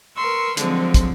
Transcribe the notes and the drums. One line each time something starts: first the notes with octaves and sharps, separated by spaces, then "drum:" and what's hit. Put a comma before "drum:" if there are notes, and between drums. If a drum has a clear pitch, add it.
A#4 B4 C6 C#6 E6
D3 F3 F#3 G#3 C4, drum: hi-hat
drum: kick, hi-hat